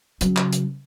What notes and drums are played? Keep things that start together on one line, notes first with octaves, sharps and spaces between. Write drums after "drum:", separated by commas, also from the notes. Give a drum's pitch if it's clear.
C#3 F#3, drum: hi-hat
drum: clap
drum: hi-hat